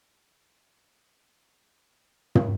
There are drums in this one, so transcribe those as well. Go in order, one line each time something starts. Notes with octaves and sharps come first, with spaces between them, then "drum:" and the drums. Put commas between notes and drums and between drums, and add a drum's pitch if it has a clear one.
E4 F4 B4
drum: tom